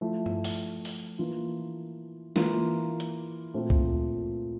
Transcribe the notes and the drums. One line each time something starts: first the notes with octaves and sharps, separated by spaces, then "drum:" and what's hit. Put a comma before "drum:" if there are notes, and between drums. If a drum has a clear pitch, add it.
F3 A3 E4
drum: tom G2
drum: open hi-hat
drum: open hi-hat
E3 A#3 F4
E3 A#3 F4, drum: snare
drum: hi-hat
A#2 A3 C4 F4
drum: kick C2